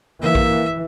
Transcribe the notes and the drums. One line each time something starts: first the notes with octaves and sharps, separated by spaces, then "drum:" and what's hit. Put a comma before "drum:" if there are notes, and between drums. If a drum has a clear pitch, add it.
E3 A#3 E5
drum: kick A#1